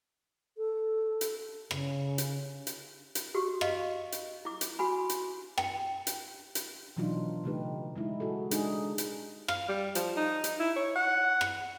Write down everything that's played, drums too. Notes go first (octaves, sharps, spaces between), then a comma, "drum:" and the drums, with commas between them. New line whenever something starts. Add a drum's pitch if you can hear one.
A4
drum: hi-hat
C#3, drum: rim click
drum: hi-hat
drum: hi-hat
drum: hi-hat
F#4 G4
D#5 F5, drum: rim click
drum: hi-hat
E4 D6
drum: hi-hat
F#4 G#5 B5
drum: hi-hat
G5, drum: rim click
drum: hi-hat
drum: hi-hat
B2 E3 F#3 D4 D#4 F4
C#3 E3 A3 D#4 G4 B4
G#3 D#4 E4
F#4 G#4 A4
G#3 D4 D#4 G#4, drum: hi-hat
drum: hi-hat
F5, drum: rim click
G3
F3, drum: hi-hat
D#4
drum: hi-hat
E4
C#5
F#5
drum: rim click